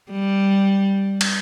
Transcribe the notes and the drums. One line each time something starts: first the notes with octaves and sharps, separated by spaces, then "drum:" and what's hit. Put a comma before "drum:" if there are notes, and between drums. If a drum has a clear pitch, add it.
G3
drum: cymbal